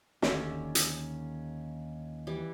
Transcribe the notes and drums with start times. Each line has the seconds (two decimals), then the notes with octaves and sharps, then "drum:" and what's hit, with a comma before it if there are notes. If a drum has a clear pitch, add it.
0.22 D#2 D3 C#4 G4 E5, drum: snare
0.75 drum: hi-hat
2.27 E3 G3